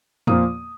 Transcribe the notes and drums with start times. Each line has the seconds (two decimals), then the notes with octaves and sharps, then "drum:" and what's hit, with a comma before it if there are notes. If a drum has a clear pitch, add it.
0.27 A#2 F3 A#3 D#6, drum: tom